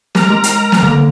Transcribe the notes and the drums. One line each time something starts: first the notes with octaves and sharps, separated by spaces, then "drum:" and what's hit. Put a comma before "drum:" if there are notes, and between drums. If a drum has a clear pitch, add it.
G4 A#4 A#5, drum: snare
G#3
drum: hi-hat
drum: snare
D3 A#3